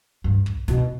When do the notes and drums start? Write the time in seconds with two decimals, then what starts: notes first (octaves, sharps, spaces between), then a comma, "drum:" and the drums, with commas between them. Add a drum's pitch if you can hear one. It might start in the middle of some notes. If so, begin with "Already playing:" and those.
0.24 G2
0.46 drum: kick
0.68 B2, drum: snare